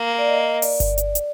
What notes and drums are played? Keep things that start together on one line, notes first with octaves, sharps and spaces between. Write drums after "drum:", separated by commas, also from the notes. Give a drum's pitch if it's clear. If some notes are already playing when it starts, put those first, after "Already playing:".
Already playing: A#3
D5
D#5
D5, drum: open hi-hat
drum: kick G1, hi-hat
drum: hi-hat
drum: hi-hat